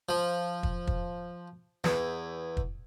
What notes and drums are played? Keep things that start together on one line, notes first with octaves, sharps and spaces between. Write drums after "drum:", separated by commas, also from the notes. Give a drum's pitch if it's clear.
F3
drum: kick
drum: kick
E2, drum: snare
drum: kick